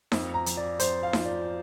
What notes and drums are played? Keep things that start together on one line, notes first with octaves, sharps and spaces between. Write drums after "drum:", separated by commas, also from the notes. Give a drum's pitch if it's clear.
F2, drum: snare D#4
A#5
F3, drum: hi-hat
D5
F2 C5, drum: hi-hat
F5
F3, drum: snare D#4
D5